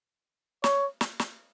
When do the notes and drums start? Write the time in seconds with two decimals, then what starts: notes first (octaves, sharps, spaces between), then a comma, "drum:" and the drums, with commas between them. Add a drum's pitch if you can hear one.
0.64 C#5, drum: snare
1.01 drum: snare
1.19 drum: snare